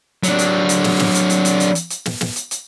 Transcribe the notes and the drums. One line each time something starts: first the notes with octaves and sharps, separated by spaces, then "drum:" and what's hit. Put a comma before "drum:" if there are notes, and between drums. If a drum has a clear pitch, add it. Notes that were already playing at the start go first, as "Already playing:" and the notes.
F#3 D4, drum: hi-hat
drum: hi-hat
drum: hi-hat
drum: snare
drum: snare
drum: hi-hat
drum: hi-hat
drum: hi-hat
drum: hi-hat
drum: hi-hat
drum: hi-hat
drum: snare
drum: snare
drum: hi-hat
drum: hi-hat